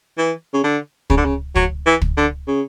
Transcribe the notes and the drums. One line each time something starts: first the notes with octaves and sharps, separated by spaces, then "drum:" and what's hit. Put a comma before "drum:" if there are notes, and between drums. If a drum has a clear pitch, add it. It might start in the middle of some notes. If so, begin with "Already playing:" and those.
E3
C#3
D3
C#3, drum: kick
D3
C#3
F#3, drum: kick
E3
drum: kick
D3
C#3